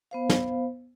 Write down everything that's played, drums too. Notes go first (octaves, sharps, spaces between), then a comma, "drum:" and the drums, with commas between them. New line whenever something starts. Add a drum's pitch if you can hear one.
B3 C5 F5
drum: snare